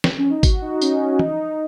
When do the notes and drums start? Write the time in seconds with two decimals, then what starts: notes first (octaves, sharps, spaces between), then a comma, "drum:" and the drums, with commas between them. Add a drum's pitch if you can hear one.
0.04 drum: snare
0.18 C#4
0.30 D#4
0.43 F#4, drum: kick G#1, tambourine
0.62 D#4
0.82 C#4, drum: tambourine
1.01 F#4
1.12 F#4
1.19 D#4, drum: tom